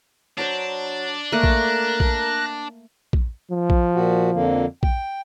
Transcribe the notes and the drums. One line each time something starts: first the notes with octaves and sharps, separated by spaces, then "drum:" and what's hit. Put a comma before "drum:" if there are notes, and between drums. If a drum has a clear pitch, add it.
F#3 D4 C5 A#5
A3 A#3 A4 A#4 F#6 A#6
drum: kick
drum: kick
drum: kick
F3
drum: kick
A#2 F#4
F2 D3 A#3
G5, drum: kick